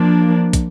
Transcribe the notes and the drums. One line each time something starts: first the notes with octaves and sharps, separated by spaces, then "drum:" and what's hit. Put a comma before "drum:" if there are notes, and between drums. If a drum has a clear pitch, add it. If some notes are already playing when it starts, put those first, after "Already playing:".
Already playing: F3 A#3 D4
drum: kick, hi-hat